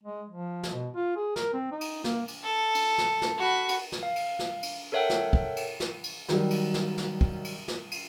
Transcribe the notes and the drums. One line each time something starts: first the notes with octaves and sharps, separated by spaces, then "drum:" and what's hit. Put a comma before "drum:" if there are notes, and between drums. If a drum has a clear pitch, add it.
G#3
F3
drum: snare
B2
F4
G#4
A#4, drum: snare
C4
D#4
drum: cymbal
A#3, drum: snare
drum: cymbal
A4
drum: cymbal
drum: snare
drum: snare
F#4 B5
drum: cymbal
drum: snare
F5
drum: cymbal
drum: snare
drum: cymbal
A4 A#4 C#5 E5 F#5 G5
drum: snare
drum: kick
drum: cymbal
drum: snare
drum: cymbal
D#3 F#3 G3, drum: snare
drum: cymbal
drum: snare
drum: snare
drum: kick
drum: cymbal
drum: snare
drum: cymbal